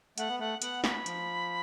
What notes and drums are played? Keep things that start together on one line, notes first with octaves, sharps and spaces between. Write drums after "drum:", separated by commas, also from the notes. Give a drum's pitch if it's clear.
A3 F#5, drum: hi-hat
B3
A3 F#5
B3 F#5, drum: hi-hat
B5, drum: snare
F3, drum: hi-hat